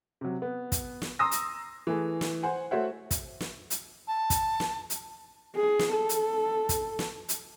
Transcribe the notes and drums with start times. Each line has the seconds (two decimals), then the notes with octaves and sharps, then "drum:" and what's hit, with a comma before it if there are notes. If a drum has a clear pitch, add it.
0.21 C3 F#3
0.42 B3
0.72 drum: kick, hi-hat
1.02 drum: snare
1.19 A#5 C6 D#6 E6 A#6
1.31 drum: hi-hat
1.87 E3 A3 G#4
2.21 drum: snare
2.43 C5 F#5 G#5
2.71 A3 F#4 C5 C#5 E5 F#5
3.11 drum: kick, hi-hat
3.40 drum: snare
3.70 drum: hi-hat
4.07 A5
4.30 drum: kick, hi-hat
4.60 drum: snare
4.90 drum: hi-hat
5.56 G#4
5.79 drum: snare
5.93 A4
6.09 drum: hi-hat
6.69 drum: kick, hi-hat
6.99 drum: snare
7.29 drum: hi-hat